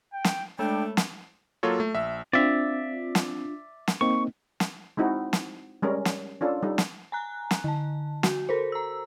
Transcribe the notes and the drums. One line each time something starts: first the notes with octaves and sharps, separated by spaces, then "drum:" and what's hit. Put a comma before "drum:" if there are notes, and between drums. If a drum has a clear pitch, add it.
G5
drum: snare
G#3 A3 D4 G5
drum: snare
F#3 A#3 F4 A4 C#5
A3
A#1 E5
C4 D4 F4 D5 E5
drum: snare
drum: snare
A#3 C4 D#4 C#6
drum: snare
G#3 C4 D#4 E4 F#4
drum: snare
G3 G#3 C#4 A#4
drum: snare
C#4 D4 F4 A4
G3 D#4 A4
drum: snare
G#5 A#5 F#6
drum: snare
D3 A5
F#4, drum: snare
A4 A#4 C5
A#5 E6